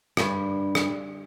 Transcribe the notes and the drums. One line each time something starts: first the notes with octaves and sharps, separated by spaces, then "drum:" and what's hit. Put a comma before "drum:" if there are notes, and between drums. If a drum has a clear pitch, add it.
G2, drum: rim click
drum: rim click